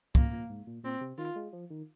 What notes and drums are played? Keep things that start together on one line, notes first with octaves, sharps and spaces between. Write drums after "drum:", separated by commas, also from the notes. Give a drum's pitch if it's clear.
A#2 A#3, drum: kick
A#2
G#2
A#2
A#2 C4
C3
D#3 F4
G#3
F3
D#3